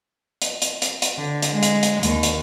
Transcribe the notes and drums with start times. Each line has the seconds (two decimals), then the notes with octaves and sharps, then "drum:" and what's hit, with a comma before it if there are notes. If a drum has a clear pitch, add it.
0.42 drum: hi-hat
0.62 drum: hi-hat
0.82 drum: hi-hat
1.02 drum: hi-hat
1.17 D3
1.42 drum: hi-hat
1.53 G#3
1.63 drum: hi-hat
1.83 drum: hi-hat
2.03 D#2, drum: hi-hat
2.23 drum: hi-hat